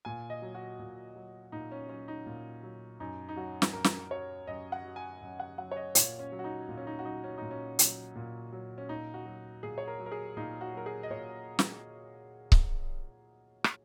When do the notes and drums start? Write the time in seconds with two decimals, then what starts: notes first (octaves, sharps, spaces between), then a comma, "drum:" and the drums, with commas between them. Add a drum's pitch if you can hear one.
0.05 A#2 G#5
0.30 D#5
0.42 F#3
0.55 F#4
0.79 A#2
1.16 F#3
1.52 A#2 D#4
1.71 C#4
1.89 F#3 C#4
2.08 D#4
2.26 A#2
2.63 F#3
3.00 F#2 D#4
3.29 D#4
3.36 F#3 F#4
3.62 drum: snare
3.73 F#2 A#4
3.84 drum: snare
4.11 F#3 C#5
4.47 F#2 D#5
4.72 F#5
4.84 F#3
4.96 G#5
5.21 F#2
5.40 F#5
5.57 F#3 F#5
5.71 C#5
5.76 D#5
5.95 A#2 C#5, drum: hi-hat
6.19 C#4
6.32 F#3
6.39 F#4
6.44 D#4
6.69 A#2
6.78 C#4
6.87 D#4
6.99 F#4
7.05 F#3 D#4
7.24 C#4
7.37 A#2 D#4
7.51 C#4
7.79 F#3, drum: hi-hat
8.16 A#2
8.53 F#3
8.78 C#4
8.89 A#2 D#4
9.14 F#4
9.26 F#3
9.63 A#2 G#4
9.78 C#5
9.88 A#4
10.00 F#3
10.06 A#4
10.12 G#4
10.37 A#2 D#4
10.61 F#4
10.73 F#3 A#4
10.86 G#4
11.03 D#5
11.10 A#2 C#5
11.59 drum: snare
12.52 drum: kick C#1
13.64 drum: rim click